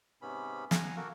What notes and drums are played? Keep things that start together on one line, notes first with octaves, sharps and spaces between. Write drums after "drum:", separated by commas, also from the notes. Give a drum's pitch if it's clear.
G#2 C3 B3 C#4 B5
F#5 G#5 A#5, drum: snare
A#3 F#4 A4 A#4